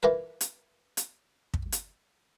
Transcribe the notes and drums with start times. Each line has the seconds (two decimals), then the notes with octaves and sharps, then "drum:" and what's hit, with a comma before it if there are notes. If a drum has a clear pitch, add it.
0.03 E3 F4 A#4 B4
0.41 drum: hi-hat
0.97 drum: hi-hat
1.54 drum: kick
1.72 drum: hi-hat